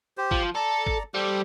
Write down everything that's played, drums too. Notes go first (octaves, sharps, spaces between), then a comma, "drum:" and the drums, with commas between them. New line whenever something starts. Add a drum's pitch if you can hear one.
G4 C5
F3, drum: kick
A4 D5 A#5
drum: kick
G3 G4 A4 C5